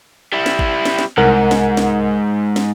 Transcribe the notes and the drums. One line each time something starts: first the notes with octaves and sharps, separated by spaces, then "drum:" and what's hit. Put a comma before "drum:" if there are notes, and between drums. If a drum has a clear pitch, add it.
G3 E4
drum: snare
drum: kick G#1
drum: snare
drum: snare
C2 G#2 A#4 F#5
drum: snare
drum: snare
drum: snare